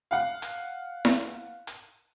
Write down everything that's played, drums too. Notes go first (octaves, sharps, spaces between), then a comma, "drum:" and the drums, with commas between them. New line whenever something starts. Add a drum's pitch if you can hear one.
F5 F#5
drum: hi-hat
drum: snare E4
drum: hi-hat